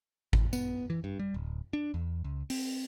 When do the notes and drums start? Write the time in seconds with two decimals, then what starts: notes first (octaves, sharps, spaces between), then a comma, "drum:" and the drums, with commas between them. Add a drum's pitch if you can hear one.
0.33 A1, drum: kick G#1
0.53 B3, drum: tambourine
0.90 E3
1.04 G2
1.19 G3
1.34 D1
1.73 D4
1.94 E2
2.24 C#2
2.50 C4, drum: open hi-hat